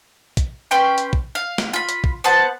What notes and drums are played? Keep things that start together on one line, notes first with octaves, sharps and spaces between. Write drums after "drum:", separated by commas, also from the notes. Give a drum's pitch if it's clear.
drum: kick, hi-hat
C#4 B4 G5 C6
drum: hi-hat
drum: kick
F5
drum: snare
F4 B5
drum: hi-hat
drum: kick
B3 C5 F#5 A5